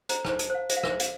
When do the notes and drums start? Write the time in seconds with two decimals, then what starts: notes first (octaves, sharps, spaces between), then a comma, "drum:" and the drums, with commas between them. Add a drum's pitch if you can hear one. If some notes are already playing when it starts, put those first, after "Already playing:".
0.09 C5 A#5, drum: hi-hat
0.25 C5 A5, drum: rim click
0.39 A5, drum: hi-hat
0.50 C5 F5
0.70 C5 E5, drum: hi-hat
0.77 F5
0.83 E5, drum: rim click
0.90 C5
1.00 F5, drum: hi-hat